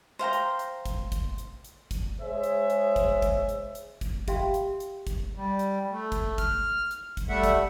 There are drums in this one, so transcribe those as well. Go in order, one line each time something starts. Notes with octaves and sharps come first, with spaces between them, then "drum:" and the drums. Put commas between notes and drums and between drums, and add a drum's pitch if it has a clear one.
C5 F5 G5 A#5
drum: hi-hat
drum: hi-hat
drum: kick, hi-hat
drum: kick, hi-hat
drum: hi-hat
drum: hi-hat
drum: kick, hi-hat
G#3 G#4 C5 C#5 E5
drum: hi-hat
drum: hi-hat
drum: kick, hi-hat
drum: kick, hi-hat
drum: hi-hat
drum: hi-hat
drum: kick, hi-hat
F4 G4 E5 F5 G5 C6, drum: kick, hi-hat
drum: hi-hat
drum: hi-hat
drum: kick, hi-hat
G3
drum: hi-hat
A3
drum: kick, hi-hat
F6, drum: kick, hi-hat
drum: hi-hat
drum: kick, hi-hat
G3 A3 E5 F#5
drum: kick, hi-hat